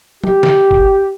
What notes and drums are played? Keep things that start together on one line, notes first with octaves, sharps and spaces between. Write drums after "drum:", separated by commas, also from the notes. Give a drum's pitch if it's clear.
G4, drum: tom
drum: snare
drum: kick G#1